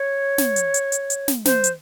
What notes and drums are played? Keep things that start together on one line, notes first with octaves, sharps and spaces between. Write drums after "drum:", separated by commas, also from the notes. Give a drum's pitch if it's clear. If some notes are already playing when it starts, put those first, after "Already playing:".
Already playing: C#5
drum: snare
drum: hi-hat
drum: hi-hat
drum: hi-hat
drum: hi-hat
drum: snare
C5, drum: snare
drum: hi-hat